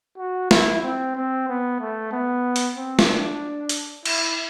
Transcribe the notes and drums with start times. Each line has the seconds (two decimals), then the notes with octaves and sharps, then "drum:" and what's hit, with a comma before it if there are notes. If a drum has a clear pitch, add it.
0.18 F#4
0.51 E4, drum: snare
0.83 C4
1.15 C4
1.48 B3
1.80 A3
2.12 B3
2.56 drum: hi-hat
2.77 C4
2.99 drum: snare
3.09 D4
3.69 drum: hi-hat
4.05 E4, drum: cymbal